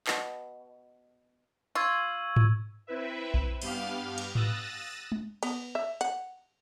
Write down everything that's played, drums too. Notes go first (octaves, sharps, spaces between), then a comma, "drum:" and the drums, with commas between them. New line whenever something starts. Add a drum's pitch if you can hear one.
B2, drum: clap
F4 C#6 E6 G#6
drum: tom G#2
C4 E4 B4 E5
drum: kick A#1
G2 B3 G4 F5 F6, drum: cymbal
drum: cymbal
D#6 E6 F#6 A6 A#6, drum: tom G#2
drum: tom G#3
B3, drum: cymbal
E5
F#5, drum: hi-hat